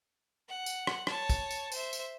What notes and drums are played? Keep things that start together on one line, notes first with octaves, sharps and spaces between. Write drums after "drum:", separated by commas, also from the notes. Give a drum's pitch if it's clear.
F#5
drum: tambourine
drum: rim click
C#5 A5, drum: rim click
drum: kick, tambourine
drum: tambourine
C5 E5, drum: tambourine
drum: tambourine